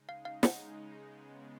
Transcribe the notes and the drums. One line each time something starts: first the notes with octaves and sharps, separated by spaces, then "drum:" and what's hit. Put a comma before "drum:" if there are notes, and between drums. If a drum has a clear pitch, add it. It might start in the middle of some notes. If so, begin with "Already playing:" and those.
Already playing: C#3 G#3 D#4
F5
F5
F#5, drum: snare
C#3 G#3 B3